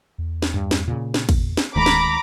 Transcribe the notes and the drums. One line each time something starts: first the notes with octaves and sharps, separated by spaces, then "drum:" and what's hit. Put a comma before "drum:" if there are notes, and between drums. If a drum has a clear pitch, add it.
E2
drum: snare
G2
drum: snare
A#2 C#3
drum: snare
E2, drum: kick, cymbal
drum: snare
D#1 D2 D#3 G#3 A#5 B5 D6
drum: snare